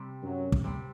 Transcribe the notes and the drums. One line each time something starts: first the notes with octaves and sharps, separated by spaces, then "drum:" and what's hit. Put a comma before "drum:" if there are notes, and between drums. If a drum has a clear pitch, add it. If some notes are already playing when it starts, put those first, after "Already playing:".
Already playing: C3 G3 C4
F#2 F#3
drum: kick
C3 G3 C4